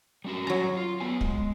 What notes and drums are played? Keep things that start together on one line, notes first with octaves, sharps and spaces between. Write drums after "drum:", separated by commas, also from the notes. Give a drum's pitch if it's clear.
G3 C#4 F#4
F#3 A#5
F4
B3 B4 G#5
G#3, drum: kick